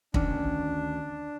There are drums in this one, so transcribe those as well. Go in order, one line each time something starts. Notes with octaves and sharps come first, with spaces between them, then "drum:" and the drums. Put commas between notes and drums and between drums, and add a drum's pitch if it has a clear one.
D2 D#3 C#4 D4, drum: kick